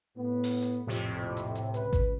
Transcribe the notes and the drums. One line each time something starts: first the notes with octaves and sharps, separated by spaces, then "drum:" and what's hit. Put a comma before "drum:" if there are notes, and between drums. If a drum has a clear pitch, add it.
A2 B3
drum: open hi-hat
drum: hi-hat
A#1 F2 A2 C3
drum: hi-hat
drum: hi-hat
C#2 B4, drum: hi-hat
drum: kick G#1, hi-hat